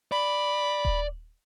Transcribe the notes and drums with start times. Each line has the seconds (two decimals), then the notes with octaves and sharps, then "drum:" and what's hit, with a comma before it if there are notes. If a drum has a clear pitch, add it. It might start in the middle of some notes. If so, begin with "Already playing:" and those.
0.12 D5 B5
0.85 drum: kick D#1